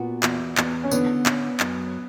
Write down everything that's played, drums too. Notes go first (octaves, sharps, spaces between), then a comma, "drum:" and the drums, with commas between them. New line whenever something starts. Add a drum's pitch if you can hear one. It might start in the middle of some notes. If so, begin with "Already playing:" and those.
Already playing: A#2 B3 F#4
E2, drum: clap
E2, drum: clap
C#4
D3 B3, drum: tambourine
C#4, drum: clap
F#2, drum: clap